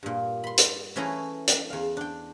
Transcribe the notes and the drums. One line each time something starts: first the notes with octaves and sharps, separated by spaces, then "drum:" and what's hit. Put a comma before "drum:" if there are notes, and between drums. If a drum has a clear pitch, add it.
G2 A#2
B5 C6
drum: hi-hat
E3 A3 C#4 E4 G#4 A#5
drum: hi-hat
E2 F5
D4 G5